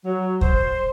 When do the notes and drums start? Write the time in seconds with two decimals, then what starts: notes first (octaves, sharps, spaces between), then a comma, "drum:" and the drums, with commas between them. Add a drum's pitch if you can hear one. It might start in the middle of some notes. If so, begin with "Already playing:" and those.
0.05 F#3
0.41 C5, drum: kick